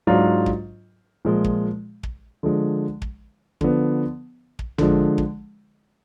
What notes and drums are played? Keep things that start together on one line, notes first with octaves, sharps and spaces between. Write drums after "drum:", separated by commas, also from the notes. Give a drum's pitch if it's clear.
G#2 F#3 D4 F4
drum: kick
A#2 F3 G#3
drum: kick
drum: kick
D3 F3 G#3
drum: kick
D3 F3 B3, drum: kick
drum: kick
D3 F3 G#3, drum: tom
drum: kick